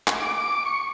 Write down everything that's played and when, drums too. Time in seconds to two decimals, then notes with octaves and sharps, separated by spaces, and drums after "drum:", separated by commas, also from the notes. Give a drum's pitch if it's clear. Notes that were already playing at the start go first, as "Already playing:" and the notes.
0.08 drum: clap
0.20 D6
0.65 C#6